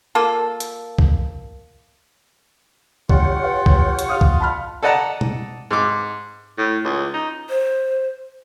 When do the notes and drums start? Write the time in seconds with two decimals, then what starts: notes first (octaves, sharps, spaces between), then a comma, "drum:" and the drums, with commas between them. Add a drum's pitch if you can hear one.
0.15 A#3 F4 A4
0.60 drum: hi-hat
0.99 drum: kick C2
3.09 G1 F4 G4 C#5 F#5, drum: kick C2
3.43 B4 F5
3.66 drum: kick C2
3.99 drum: hi-hat
4.09 F5 D#6 F6
4.21 drum: kick C2
4.40 A5 B5 F6
4.83 A4 D5 D#5 F#5 A5 A#5
5.21 drum: tom
5.71 G#2 D6
6.58 A2
6.85 C#2
7.14 D#4
7.49 C5